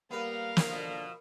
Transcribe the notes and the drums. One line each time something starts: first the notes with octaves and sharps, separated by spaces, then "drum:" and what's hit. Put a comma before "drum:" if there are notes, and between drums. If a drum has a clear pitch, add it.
G3 A#3 B3 A#4 B4 F5
drum: snare
B2 D3 F3 D4